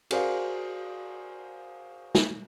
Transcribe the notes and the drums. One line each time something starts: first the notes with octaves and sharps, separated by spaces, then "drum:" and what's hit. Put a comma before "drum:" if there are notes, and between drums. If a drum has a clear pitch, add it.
F#4 G#4 A#4 C5 D5 F5, drum: cymbal
drum: snare